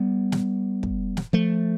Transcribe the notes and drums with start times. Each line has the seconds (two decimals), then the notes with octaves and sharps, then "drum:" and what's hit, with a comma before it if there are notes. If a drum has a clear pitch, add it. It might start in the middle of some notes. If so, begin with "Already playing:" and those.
Already playing: G3 B3
0.32 drum: snare
0.83 drum: kick
1.17 drum: snare
1.33 F3 A3